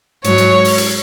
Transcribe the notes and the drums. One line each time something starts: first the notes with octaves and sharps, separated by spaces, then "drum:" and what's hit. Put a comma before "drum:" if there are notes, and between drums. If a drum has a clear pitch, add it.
G#2 F#3 C#5, drum: hi-hat
drum: hi-hat
drum: open hi-hat
drum: hi-hat